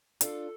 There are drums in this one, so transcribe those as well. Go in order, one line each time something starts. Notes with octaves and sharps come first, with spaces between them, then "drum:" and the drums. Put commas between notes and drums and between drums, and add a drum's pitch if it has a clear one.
D4 F4 A4, drum: hi-hat